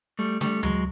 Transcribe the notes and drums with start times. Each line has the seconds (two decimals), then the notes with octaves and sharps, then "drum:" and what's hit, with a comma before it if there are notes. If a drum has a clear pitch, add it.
0.19 G3 A3
0.41 G3 A3, drum: snare
0.63 F#3 G#3, drum: tom D2